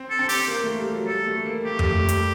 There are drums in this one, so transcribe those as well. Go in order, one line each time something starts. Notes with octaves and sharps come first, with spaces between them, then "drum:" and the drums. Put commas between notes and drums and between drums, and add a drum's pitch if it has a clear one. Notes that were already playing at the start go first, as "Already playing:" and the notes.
Already playing: C4
A4
C4
G4, drum: open hi-hat
A#3
A3
G3
F#3
G3 A4
A3
A#3
A3 G4
G3, drum: tom F2
A3
G3, drum: hi-hat